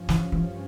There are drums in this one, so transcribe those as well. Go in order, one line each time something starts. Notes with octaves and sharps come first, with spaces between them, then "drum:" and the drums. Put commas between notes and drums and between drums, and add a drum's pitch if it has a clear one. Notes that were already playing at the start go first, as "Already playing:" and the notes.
Already playing: G2 F3 C#4
E3, drum: snare
E3